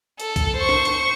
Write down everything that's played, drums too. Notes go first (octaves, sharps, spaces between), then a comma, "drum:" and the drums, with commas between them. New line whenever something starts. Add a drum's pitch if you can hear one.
A4, drum: hi-hat
drum: kick C2, hi-hat
C5 C#6
drum: snare
drum: hi-hat